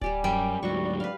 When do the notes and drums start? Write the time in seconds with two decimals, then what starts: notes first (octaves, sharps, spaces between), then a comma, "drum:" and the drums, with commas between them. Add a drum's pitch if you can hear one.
0.01 G3 G4 D5 G#5, drum: kick D1
0.24 F#2 G3 G5
0.63 D2 G#2 F#3 F#4 D5 C#6
0.84 D5
1.00 B4 D5 F5